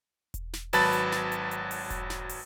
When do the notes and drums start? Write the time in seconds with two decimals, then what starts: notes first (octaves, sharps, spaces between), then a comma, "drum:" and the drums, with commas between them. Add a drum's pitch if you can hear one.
0.34 drum: kick E1, hi-hat
0.53 drum: snare
0.73 G#1 F#3 B4 A5 B5 A6, drum: open hi-hat
0.93 drum: hi-hat
1.12 drum: snare
1.32 drum: hi-hat
1.51 drum: hi-hat
1.71 drum: open hi-hat
1.90 drum: kick E1, hi-hat
2.10 drum: snare
2.29 drum: open hi-hat